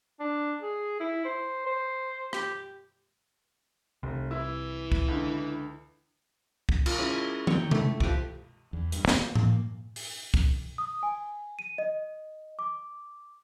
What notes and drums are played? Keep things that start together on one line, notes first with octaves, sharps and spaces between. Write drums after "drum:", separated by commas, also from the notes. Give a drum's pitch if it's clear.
D4
G#4
E4
C5
C5
G4, drum: rim click
F1 C2
E3 E4
drum: kick C2
C#2 D3
drum: kick C2
F4 A#4, drum: cymbal
G#3 C#4 E4 G#4
G5 A#5 C#6, drum: tom D#3
A3, drum: tom C3
F3 G4 B4 D6, drum: kick C2
E2
G2, drum: hi-hat
A#3, drum: snare
drum: tom A2
drum: open hi-hat
drum: kick C2
D#6
G#5
D#7
D#5
D6